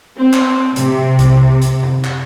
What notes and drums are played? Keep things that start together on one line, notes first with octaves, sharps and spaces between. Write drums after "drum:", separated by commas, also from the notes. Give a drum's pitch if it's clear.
C4
drum: clap
C3, drum: hi-hat
drum: kick C2, hi-hat
drum: hi-hat
drum: tom F2
drum: clap